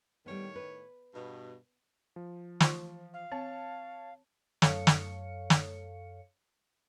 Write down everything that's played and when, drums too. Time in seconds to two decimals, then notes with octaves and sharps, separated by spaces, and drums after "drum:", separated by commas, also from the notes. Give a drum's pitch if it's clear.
0.26 A2 D#3 G3 B3 C#5
0.56 B4
1.14 G2 B2
2.16 F3
2.60 E3 F4, drum: snare
3.14 F5
3.32 C4 C#5 A5
4.62 F#2 A4 C#5 F5 C#7, drum: snare
4.87 drum: snare
5.50 drum: snare